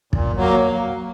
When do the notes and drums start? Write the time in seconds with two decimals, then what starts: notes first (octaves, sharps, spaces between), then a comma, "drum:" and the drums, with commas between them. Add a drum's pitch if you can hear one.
0.13 A#2, drum: kick
0.37 F#3 A#3